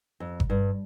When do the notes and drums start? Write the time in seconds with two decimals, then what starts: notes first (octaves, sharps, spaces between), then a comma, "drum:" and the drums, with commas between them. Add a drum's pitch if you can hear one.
0.20 F2
0.40 drum: kick G1
0.50 G2